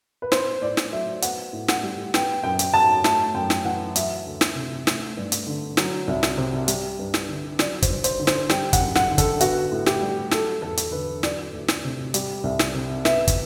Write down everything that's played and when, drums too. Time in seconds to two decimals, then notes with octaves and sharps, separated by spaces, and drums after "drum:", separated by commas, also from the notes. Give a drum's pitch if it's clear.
0.22 B4
0.32 B3 C5, drum: snare
0.61 A2 D5
0.77 drum: snare
0.92 F#3 E5
1.22 B3 F#5, drum: hi-hat
1.53 A2
1.68 F#5, drum: snare
1.83 G3
2.14 B3 G5, drum: snare
2.43 F#2 G5
2.59 drum: hi-hat
2.74 F#3 A5
3.04 A3 A5, drum: snare
3.34 F#2 G5
3.50 drum: snare
3.65 E3 F#5
3.96 F#3 E5, drum: hi-hat
4.26 D2
4.41 drum: snare
4.55 C3
4.87 A3, drum: snare
5.17 G2
5.32 drum: hi-hat
5.47 D3
5.77 F#3, drum: snare
6.07 C2
6.23 drum: snare
6.37 C3
6.68 G3, drum: hi-hat
6.99 G2
7.14 drum: snare
7.29 D3
7.59 F#3 D5, drum: snare
7.82 C5, drum: kick, hi-hat
7.90 G2
8.04 C5, drum: hi-hat
8.20 D3
8.27 C5, drum: snare
8.49 G3 G5, drum: snare
8.73 F#5, drum: kick, hi-hat
8.81 F#2
8.95 F#5, drum: snare
9.11 D3
9.18 A4, drum: kick, hi-hat
9.41 B3 F#4, drum: hi-hat
9.72 A2
9.86 G4, drum: snare
10.02 G3
10.31 F#3 A4, drum: snare
10.62 E2 A4
10.77 drum: hi-hat
10.92 D3 B4
11.23 F#3 D5, drum: snare
11.53 D2
11.68 drum: snare
11.84 C3
12.14 G3, drum: hi-hat
12.44 C2
12.59 drum: snare
12.74 C3
13.05 B3 E5, drum: snare
13.28 drum: kick, hi-hat